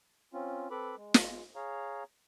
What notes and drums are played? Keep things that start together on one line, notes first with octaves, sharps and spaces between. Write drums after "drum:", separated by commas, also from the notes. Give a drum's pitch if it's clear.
C4 C#4 F4
C4 A4 B4 B5 D6
G#3
drum: snare
G#4 C#5 F5 A#5